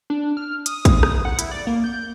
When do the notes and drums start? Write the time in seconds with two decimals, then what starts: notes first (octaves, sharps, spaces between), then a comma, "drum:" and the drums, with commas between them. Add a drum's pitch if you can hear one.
0.10 D4
0.37 F6
0.66 D#6, drum: hi-hat
0.85 drum: kick, hi-hat
1.03 drum: rim click
1.25 F#5
1.39 E4, drum: hi-hat
1.51 D5
1.67 A#3
1.84 G6